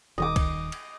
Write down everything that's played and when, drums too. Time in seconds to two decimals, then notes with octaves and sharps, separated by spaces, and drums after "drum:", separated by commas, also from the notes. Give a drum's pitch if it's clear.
0.18 D#1 D#3 D#5 D6
0.36 drum: kick C2, cymbal
0.72 drum: cymbal